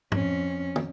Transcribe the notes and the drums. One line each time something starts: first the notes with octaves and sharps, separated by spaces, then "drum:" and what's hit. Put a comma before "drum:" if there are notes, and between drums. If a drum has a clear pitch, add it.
F2 C#4, drum: tom
drum: tom